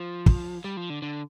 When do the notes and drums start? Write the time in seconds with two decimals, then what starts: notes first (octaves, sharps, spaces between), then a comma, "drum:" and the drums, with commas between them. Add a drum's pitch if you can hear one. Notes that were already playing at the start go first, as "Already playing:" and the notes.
Already playing: F3
0.26 drum: kick
0.64 G3
0.77 F3
0.90 D3
1.02 D3